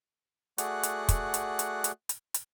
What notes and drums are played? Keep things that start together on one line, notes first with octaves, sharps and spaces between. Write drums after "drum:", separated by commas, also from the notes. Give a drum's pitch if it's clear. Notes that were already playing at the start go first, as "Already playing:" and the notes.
A3 F#4 G#4 D5 F#5 F#6, drum: hi-hat
drum: hi-hat
drum: kick, hi-hat
drum: hi-hat
drum: hi-hat
drum: hi-hat
drum: hi-hat
drum: hi-hat